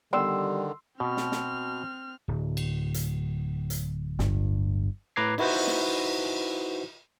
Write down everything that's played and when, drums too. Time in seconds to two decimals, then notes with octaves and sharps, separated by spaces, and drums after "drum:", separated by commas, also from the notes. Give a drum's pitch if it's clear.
0.13 D3 D#3 G3 B3 D5 G5 C6 E6
1.00 B2 C4 F6
1.17 drum: snare
1.32 drum: snare
2.28 D1
2.57 drum: cymbal
2.94 drum: hi-hat
3.70 drum: hi-hat
4.19 G1 G2, drum: snare
5.16 A2 B4 A#5 D6 G#6 C7
5.38 D#4 E4 F#4 B4 C5, drum: cymbal
5.67 drum: snare